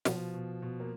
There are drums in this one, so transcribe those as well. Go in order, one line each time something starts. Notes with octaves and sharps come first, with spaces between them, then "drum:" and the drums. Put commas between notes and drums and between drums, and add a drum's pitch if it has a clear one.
B2 F3, drum: snare
B2
B2
A#3